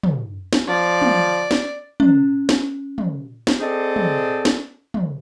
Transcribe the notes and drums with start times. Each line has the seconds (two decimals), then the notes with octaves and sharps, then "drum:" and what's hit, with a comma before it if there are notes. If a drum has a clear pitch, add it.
0.03 drum: tom
0.53 drum: snare
0.69 F3 D5
1.02 drum: tom
1.51 drum: snare
2.00 C#4, drum: tom
2.49 drum: snare
2.98 drum: tom
3.47 drum: snare
3.60 C4 G#4 A4 C5 D5 D#5
3.96 drum: tom
4.45 drum: snare
4.94 drum: tom